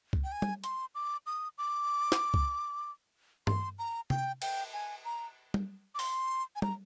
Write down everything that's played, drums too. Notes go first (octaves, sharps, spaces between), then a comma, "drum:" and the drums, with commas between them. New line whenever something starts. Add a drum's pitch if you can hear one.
drum: kick
G5
G#5
drum: tom
C6, drum: hi-hat
D6
D#6
D6
drum: snare
drum: kick
C6, drum: tom G2
A#5
G5, drum: tom C3
G5, drum: cymbal
G#5
A#5
drum: tom
D6
C6, drum: open hi-hat
G#5
A#5, drum: tom